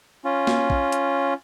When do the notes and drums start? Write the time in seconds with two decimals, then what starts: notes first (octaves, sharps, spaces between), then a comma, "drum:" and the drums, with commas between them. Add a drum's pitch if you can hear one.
0.25 C#4 F4
0.47 drum: snare
0.70 drum: kick A#1
0.92 drum: hi-hat